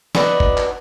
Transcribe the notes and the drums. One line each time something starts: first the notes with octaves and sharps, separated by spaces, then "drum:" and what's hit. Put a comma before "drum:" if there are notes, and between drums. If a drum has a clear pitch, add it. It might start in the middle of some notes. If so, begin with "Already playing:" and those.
D4 D#4 F#4 B4, drum: snare
drum: kick F#1
drum: clap